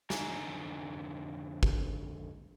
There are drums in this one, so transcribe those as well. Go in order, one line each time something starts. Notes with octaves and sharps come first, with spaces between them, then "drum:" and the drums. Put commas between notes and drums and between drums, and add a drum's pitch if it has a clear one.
F2 D3 D#4 G#5 A#5, drum: snare
drum: kick